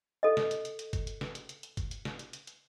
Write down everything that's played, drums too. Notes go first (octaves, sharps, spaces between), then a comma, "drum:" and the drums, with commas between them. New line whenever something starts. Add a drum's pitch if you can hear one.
A4 D#5
drum: snare
drum: hi-hat
drum: hi-hat
drum: hi-hat
drum: kick, hi-hat
drum: hi-hat
drum: snare
drum: hi-hat
drum: hi-hat
drum: hi-hat
drum: kick, hi-hat
drum: hi-hat
drum: snare
drum: hi-hat
drum: hi-hat
drum: hi-hat